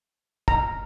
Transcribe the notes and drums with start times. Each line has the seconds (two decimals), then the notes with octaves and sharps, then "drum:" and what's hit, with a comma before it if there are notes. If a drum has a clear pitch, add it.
0.48 A#5, drum: kick